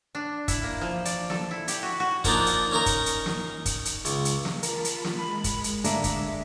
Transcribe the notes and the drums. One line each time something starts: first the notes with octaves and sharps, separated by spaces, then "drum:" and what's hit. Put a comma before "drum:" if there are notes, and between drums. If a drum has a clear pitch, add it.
D4
E4, drum: kick, hi-hat
A#3
F3
D5, drum: hi-hat
A4, drum: snare
E4
G4, drum: hi-hat
F#4
F#4
F3 A#3 D4 D#4, drum: kick, hi-hat
drum: hi-hat
C#4 D#4 A#4 A#5
drum: kick, hi-hat
drum: hi-hat
drum: snare
drum: kick, hi-hat
drum: hi-hat
C#2, drum: hi-hat
drum: hi-hat
drum: snare
F4 A#4 A5 B5, drum: hi-hat
drum: hi-hat
drum: snare
G#3 B5
drum: kick, hi-hat
drum: hi-hat
D2 A#3 D4 E5, drum: hi-hat
drum: kick, hi-hat